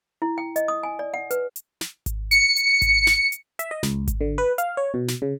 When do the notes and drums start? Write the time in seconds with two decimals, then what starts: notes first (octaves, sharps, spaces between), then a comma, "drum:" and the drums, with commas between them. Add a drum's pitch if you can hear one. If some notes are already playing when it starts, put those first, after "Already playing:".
0.22 E4
0.38 G5
0.56 D#5, drum: hi-hat
0.68 D#6
0.83 G#5
0.99 D5
1.14 F#5
1.31 B4, drum: hi-hat
1.56 drum: hi-hat
1.81 drum: snare
2.06 drum: kick G#1, hi-hat
2.31 C#7, drum: hi-hat
2.56 drum: hi-hat
2.82 drum: kick G#1, hi-hat
3.07 drum: snare
3.32 drum: hi-hat
3.59 E5, drum: hi-hat
3.71 D#5
3.83 C#2, drum: snare
4.08 drum: kick G#1, hi-hat
4.21 D3
4.38 B4
4.58 F5, drum: hi-hat
4.77 C#5
4.94 B2
5.08 drum: snare
5.22 C#3